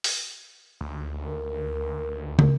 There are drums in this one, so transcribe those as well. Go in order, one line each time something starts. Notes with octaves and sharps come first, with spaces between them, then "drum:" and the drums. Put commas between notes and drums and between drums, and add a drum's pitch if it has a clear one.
drum: open hi-hat
D2
A#4
A#4, drum: tom